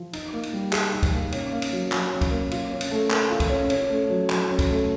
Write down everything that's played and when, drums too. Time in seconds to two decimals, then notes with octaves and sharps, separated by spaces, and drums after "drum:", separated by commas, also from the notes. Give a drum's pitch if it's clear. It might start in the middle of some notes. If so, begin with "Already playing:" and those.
Already playing: F3
0.13 D#4, drum: cymbal
0.33 A#3
0.43 drum: cymbal
0.53 G3
0.73 G#4, drum: clap
0.93 D#4
1.03 drum: kick, cymbal
1.13 A#3
1.32 C#4, drum: cymbal
1.52 A#3
1.62 drum: cymbal
1.72 F#3
1.92 F#3, drum: clap
2.12 C#4
2.21 drum: kick, cymbal
2.31 A#3
2.51 F4, drum: cymbal
2.71 C#4
2.81 drum: cymbal
2.91 A3
3.10 A#4, drum: clap
3.30 F4
3.40 drum: kick, cymbal
3.49 C#4
3.70 C#4, drum: cymbal
3.90 A3
4.10 F#3
4.30 F#3, drum: clap
4.49 C#4
4.59 drum: kick, cymbal
4.69 A3